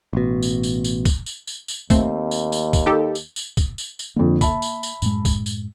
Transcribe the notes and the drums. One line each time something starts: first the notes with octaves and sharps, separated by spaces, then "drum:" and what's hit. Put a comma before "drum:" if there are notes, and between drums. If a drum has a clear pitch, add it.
A1 B2
drum: tambourine
drum: tambourine
drum: tambourine
drum: kick, tambourine
drum: tambourine
drum: tambourine
drum: tambourine
D#2 A3 C4, drum: kick, tambourine
drum: tambourine
drum: tambourine
drum: kick, tambourine
D#4 G4 A4
drum: tambourine
drum: tambourine
drum: kick, tambourine
drum: tambourine
drum: tambourine
F2 D3 A#3
E5 A5 B5, drum: kick, tambourine
drum: tambourine
drum: tambourine
F#2 A2 G#3, drum: tambourine
drum: kick, tambourine
drum: tambourine